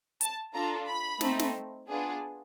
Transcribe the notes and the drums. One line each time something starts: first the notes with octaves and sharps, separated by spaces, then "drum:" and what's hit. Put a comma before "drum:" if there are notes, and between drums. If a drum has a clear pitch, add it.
A5, drum: hi-hat
D4 F4 A4 A#5
B5
A3 C4 D#4, drum: snare
drum: snare
B3 D4 F4 G#4